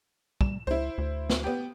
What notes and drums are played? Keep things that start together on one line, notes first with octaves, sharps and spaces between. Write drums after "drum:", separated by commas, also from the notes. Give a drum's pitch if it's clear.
G3 E7, drum: kick
C#2 E4 C5
D2
drum: snare
B3 G4